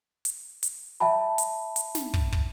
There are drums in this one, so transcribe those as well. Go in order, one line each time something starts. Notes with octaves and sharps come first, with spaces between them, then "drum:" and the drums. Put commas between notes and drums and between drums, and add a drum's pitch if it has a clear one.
drum: hi-hat
drum: hi-hat
E5 G5 A5 B5
drum: hi-hat
drum: hi-hat
drum: snare
drum: kick
drum: kick